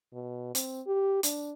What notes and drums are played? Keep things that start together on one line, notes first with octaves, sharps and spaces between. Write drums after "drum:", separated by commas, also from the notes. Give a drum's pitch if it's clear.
B2
C4, drum: hi-hat
G4
D4, drum: hi-hat